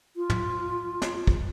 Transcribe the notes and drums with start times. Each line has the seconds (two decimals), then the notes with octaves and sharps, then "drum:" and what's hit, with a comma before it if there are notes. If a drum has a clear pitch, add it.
0.17 F4
0.30 drum: tom
1.02 drum: snare
1.27 drum: kick